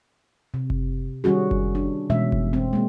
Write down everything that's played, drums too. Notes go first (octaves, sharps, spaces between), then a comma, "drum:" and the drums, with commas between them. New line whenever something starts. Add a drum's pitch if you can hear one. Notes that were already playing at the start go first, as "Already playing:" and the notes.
C3
drum: kick F#1
D#3 G3 C#4 F#4 G#4
drum: kick F#1
D4
B2 E3 G#3 C#4 E5
drum: kick F#1
B2 C4
G#3 A#3